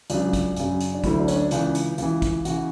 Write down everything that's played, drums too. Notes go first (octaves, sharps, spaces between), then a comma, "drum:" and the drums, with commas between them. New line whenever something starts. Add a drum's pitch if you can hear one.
C#2 C#3 F#3 D4, drum: hi-hat
drum: kick, hi-hat
F#2 C#3 F#3, drum: hi-hat
drum: hi-hat
D4
D2 D3 F#3 E4, drum: kick, hi-hat
D4
C#4, drum: hi-hat
D4
C#2 C#3 E3 D4, drum: hi-hat
drum: hi-hat
C#2 C#3 E3, drum: hi-hat
drum: kick, hi-hat
C#3 E3 F#4, drum: hi-hat